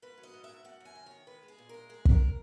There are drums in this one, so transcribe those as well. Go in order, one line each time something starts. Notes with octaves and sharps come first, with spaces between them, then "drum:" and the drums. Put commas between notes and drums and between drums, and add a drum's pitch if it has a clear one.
G#2 B4
F#3
D#5
G#2
E5
G#2
F#2 F#5
F#2 G#5
D#3
D#3 C#5
G#3 B4
G#3
G#4
A#2
G#3 A#4
G#3 G#4
G#3 A#4, drum: kick